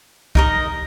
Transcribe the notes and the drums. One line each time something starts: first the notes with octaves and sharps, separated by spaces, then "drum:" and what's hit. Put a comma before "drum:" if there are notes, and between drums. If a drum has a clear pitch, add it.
D#4 A#4 D#5, drum: kick